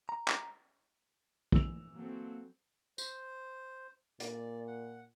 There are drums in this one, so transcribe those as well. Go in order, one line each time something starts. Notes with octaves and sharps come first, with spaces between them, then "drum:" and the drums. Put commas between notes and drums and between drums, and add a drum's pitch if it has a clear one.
A#5
drum: clap
E3 E6 F7, drum: kick
F#3 A#3 C4 A4
C5, drum: tambourine
A#2 D5, drum: hi-hat
F#5